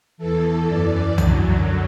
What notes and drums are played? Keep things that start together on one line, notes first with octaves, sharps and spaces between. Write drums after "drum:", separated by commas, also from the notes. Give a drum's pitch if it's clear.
E2 E3 A4
F#2 E3 D5
F#2 D3 F#3, drum: tom C2